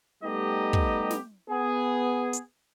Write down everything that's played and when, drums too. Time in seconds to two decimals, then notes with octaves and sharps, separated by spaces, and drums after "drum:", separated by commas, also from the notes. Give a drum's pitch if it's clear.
0.23 G3 A3 B3 D#4 G4 D#5
0.73 drum: kick
1.11 drum: snare
1.50 B3 G#4
2.33 drum: hi-hat